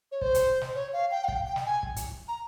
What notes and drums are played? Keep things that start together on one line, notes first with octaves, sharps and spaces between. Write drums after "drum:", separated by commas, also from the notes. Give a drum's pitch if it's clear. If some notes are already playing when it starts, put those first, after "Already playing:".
C#5
C5, drum: kick
drum: kick, hi-hat
drum: snare
C#5
F5
G5
F5
G5, drum: kick
G5
drum: snare
G#5
drum: kick
drum: kick, hi-hat
A#5